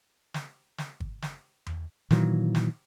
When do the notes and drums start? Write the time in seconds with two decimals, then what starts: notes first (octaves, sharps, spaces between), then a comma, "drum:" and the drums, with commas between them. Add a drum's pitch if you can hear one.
0.34 drum: snare
0.78 drum: snare
1.00 drum: kick G1
1.22 drum: snare
1.66 drum: tom E2
2.11 A#2 D#3 E3 F#3, drum: snare
2.55 drum: snare